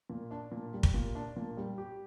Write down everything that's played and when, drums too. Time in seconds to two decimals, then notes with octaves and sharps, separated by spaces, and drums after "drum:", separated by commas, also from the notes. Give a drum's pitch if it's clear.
0.10 A#2
0.31 D4
0.52 A#2
0.73 G3
0.83 drum: kick
0.94 A#2
1.15 D4
1.37 A#2
1.57 G3
1.78 G4